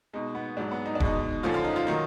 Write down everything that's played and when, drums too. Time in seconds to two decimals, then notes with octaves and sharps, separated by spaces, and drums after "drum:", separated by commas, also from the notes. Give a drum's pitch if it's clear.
0.13 B2 G#3 D#4
0.35 B3
0.57 G#2 F#3 D4
0.71 B3
0.86 D#4
0.95 D4
1.00 B2 G#3 D#4, drum: kick E1
1.43 F#2 D3 F3 F4
1.54 F4
1.65 D#4
1.76 F4
1.87 D#3 F#3 D#4